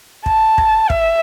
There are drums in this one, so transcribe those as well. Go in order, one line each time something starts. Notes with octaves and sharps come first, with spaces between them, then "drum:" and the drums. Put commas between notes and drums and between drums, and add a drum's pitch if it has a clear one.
A5, drum: kick
drum: kick
E5, drum: kick